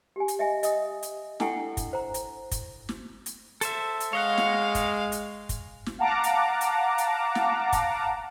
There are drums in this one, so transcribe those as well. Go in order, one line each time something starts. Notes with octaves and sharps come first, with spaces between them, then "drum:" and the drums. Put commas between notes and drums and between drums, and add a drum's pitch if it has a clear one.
G4 G#5
drum: hi-hat
D#5 E5 G#5
D#5 D#6, drum: hi-hat
drum: hi-hat
D4 E4 A4 F#5 G5 C#6, drum: snare
drum: kick, hi-hat
C5 A#5
drum: hi-hat
drum: kick, hi-hat
drum: snare
drum: hi-hat
A4 C5 E5, drum: hi-hat
drum: hi-hat
G#3 C#5 D#5 F5 F#5
drum: snare
drum: kick, hi-hat
drum: hi-hat
drum: kick, hi-hat
drum: snare
F5 F#5 A5 A#5 D6
drum: hi-hat
drum: hi-hat
drum: hi-hat
drum: snare
drum: kick, hi-hat